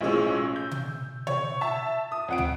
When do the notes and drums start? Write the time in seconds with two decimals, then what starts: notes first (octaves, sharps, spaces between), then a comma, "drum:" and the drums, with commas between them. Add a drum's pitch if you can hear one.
0.01 B1 A2 F3 G#3 C#4 E6
0.56 G6
0.71 drum: tom B2
1.27 C#5, drum: tom B2
1.61 E5 A5
2.12 D#6
2.28 F2 F#5 D7
2.38 drum: tom